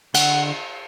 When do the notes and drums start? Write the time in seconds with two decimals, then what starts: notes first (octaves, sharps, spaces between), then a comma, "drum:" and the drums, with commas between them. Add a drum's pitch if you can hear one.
0.14 D3 F#5, drum: cymbal